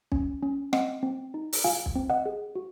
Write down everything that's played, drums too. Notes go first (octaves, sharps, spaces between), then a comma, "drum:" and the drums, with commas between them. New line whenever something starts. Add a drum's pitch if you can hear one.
C#4, drum: kick B1
C#4
C4 D#5 F#5, drum: rim click
C4
D#4
drum: open hi-hat
F4 F5 G#5
drum: kick B1
C4
D#5 F#5
G#4
F#4